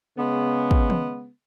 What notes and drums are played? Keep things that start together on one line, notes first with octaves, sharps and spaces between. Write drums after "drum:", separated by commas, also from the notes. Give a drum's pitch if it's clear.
C#3 G#3 B3
drum: kick
drum: tom